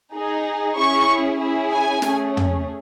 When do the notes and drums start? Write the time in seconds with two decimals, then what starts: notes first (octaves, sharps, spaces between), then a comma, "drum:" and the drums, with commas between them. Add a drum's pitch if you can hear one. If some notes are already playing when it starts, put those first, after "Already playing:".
0.14 D#4 G#4
0.77 C#4 E4 G#4 C#6
1.39 C#4 E4 G#4
1.70 G#5
2.02 A3 C#4 G#4, drum: snare
2.37 drum: tom